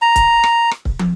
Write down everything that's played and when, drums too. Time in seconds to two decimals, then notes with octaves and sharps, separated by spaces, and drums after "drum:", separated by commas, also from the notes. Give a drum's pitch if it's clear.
0.02 A#5
0.16 drum: kick C#1, hi-hat
0.44 drum: rim click
0.71 drum: rim click
0.85 drum: kick C#1
0.99 drum: tom